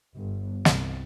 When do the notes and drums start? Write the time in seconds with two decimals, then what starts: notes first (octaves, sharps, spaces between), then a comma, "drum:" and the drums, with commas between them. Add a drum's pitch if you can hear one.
0.16 G1
0.65 C2, drum: snare